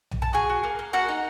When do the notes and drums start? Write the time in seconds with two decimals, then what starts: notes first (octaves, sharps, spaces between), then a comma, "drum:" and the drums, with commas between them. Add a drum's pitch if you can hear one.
0.11 drum: tom B1
0.22 A5
0.33 F#4 G#4 G#5
0.49 F#4
0.64 A#3
0.79 A#3
0.93 A#3 F#4 F#5
1.08 D#4